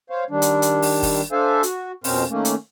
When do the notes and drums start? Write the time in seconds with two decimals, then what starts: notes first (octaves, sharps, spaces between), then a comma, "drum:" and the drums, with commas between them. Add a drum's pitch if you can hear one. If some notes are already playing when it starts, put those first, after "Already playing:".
0.10 C5 C#5 F5
0.30 D#3 G3 D4
0.42 drum: hi-hat
0.62 drum: hi-hat
0.82 drum: open hi-hat
1.03 drum: kick F#1, open hi-hat
1.32 D4 A4 C5 E5 F5 G#5
1.63 F#4, drum: hi-hat
2.04 F2 B2 C4 C#4 A#4 C5, drum: open hi-hat
2.30 D#3 A3 A#3 C#4
2.45 drum: hi-hat